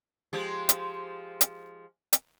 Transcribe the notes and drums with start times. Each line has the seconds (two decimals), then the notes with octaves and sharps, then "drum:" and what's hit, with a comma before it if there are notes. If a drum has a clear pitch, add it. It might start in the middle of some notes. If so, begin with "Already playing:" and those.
0.33 F3 G#3 G4
0.69 drum: hi-hat
1.41 drum: hi-hat
2.13 drum: hi-hat